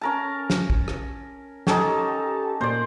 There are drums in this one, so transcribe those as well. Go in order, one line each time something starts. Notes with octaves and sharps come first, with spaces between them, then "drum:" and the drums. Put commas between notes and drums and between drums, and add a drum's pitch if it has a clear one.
C#4 A#4 A5
drum: snare
drum: kick
drum: rim click
C#4 D#4 G4 A4 A5, drum: snare
A#2 A#3 C5 D5